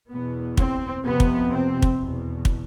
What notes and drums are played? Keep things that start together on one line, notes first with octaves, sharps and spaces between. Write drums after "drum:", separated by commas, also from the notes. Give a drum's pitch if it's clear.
E2 B2 B3
C4, drum: kick
F2 C3 B3
drum: kick
C4
drum: kick
E2 B2
drum: kick